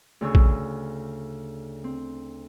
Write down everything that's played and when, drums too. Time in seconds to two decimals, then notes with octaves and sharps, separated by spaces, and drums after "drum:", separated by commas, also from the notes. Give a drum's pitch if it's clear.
0.21 D2 C#3 C#6 E6
0.35 drum: kick A#1
1.84 C4